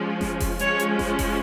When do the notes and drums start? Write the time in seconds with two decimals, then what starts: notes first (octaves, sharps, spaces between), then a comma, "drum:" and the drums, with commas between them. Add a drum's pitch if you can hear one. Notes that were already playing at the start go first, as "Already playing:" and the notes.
Already playing: F3 G#3 C#4
0.21 drum: snare F#1
0.40 drum: kick F1, open hi-hat
0.59 F3 G#3 C#4 C#5, drum: hi-hat
0.80 drum: hi-hat
0.99 drum: snare F#1
1.19 drum: kick F1, open hi-hat